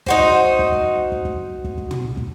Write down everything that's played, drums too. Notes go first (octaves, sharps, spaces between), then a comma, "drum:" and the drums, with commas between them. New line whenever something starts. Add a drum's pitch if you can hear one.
D#4 F#4 C5, drum: kick
drum: kick
drum: kick
drum: kick
drum: kick
drum: kick
drum: kick
drum: kick
drum: tom
drum: kick